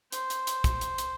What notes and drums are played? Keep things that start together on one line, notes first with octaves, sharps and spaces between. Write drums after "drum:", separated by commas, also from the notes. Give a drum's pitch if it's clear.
C5, drum: hi-hat
drum: hi-hat
drum: hi-hat
drum: kick, hi-hat
drum: hi-hat
drum: hi-hat